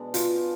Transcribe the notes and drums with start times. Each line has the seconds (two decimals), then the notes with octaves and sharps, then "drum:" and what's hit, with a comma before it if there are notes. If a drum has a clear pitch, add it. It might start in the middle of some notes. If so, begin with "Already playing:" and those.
Already playing: B2 G#3 B3 D4
0.14 F4, drum: hi-hat